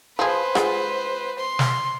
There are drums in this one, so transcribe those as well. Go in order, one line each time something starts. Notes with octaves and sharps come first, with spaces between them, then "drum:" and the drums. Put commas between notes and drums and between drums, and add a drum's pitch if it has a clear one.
F3 G#4 B4 C5
G#3 F4 F#5, drum: rim click
C6
drum: snare